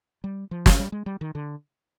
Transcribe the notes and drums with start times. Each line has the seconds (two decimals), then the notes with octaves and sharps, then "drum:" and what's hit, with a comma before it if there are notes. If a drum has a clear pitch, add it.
0.24 G3
0.51 F3
0.66 drum: snare
0.79 G3
0.92 G#3
1.06 G3
1.21 D#3
1.35 D3